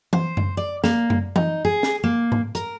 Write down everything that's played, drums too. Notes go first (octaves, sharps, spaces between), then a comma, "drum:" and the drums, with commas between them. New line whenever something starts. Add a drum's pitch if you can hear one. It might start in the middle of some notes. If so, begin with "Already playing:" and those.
C5, drum: tom E3
drum: tom F#2
D5
A#3, drum: snare
drum: tom F#2
D#4, drum: tom E3
G#4
drum: snare
A#3
drum: tom G#2
A#4, drum: hi-hat